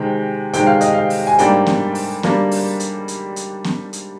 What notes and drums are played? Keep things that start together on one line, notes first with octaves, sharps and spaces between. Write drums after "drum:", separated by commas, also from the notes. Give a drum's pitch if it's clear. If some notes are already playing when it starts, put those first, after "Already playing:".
Already playing: C3 D#3 G#3 G5
C3 D#3 G#3 G5, drum: hi-hat
F5
D#5, drum: hi-hat
F5
drum: open hi-hat
G#5
G#2 G3 A#3 D4 G5, drum: hi-hat
drum: snare B3
drum: open hi-hat
G3 A#3 D4, drum: snare B3
drum: open hi-hat
drum: hi-hat
drum: hi-hat
drum: hi-hat
drum: snare B3
drum: hi-hat